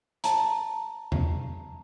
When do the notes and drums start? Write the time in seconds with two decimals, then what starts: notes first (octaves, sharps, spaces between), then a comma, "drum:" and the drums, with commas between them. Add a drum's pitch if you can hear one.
0.24 A5 A#5, drum: hi-hat
1.12 drum: tom E2